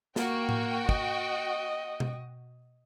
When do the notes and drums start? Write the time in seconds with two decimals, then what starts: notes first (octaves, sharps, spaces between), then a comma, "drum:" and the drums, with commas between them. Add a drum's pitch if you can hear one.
0.16 A#3 F#4 G5, drum: snare
0.49 drum: tom A2
0.89 D#5, drum: kick
2.00 drum: tom B2